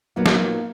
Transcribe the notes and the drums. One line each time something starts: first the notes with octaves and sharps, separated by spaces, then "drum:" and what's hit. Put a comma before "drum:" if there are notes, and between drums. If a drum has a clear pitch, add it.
A#2 F#3 A#3 B3 D#4
drum: snare
A#3